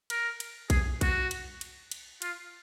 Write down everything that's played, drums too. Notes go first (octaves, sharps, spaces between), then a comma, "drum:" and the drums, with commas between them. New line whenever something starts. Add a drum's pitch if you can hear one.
A#4, drum: cymbal
drum: cymbal
G#4, drum: kick A#1, cymbal
F#4, drum: kick A#1, cymbal
drum: cymbal
drum: cymbal
drum: cymbal
F4, drum: cymbal